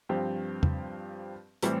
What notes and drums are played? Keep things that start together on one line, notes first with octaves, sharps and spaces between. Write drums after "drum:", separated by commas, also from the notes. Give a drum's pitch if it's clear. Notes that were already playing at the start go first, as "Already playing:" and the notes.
G2 F3 C4 G4
drum: tom E2
A2 E3 G3 C4, drum: hi-hat